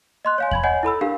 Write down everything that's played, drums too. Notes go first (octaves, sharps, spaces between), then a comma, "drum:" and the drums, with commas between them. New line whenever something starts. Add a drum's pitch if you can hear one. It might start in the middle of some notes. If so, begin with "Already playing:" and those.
D#5 C6 F#6
C#5 F5 G#5
B5 G#6 F#7, drum: kick E2
C#5 D#5 F#5 G#5
E4 A4 B5 E6
D4 G4 A#4 F5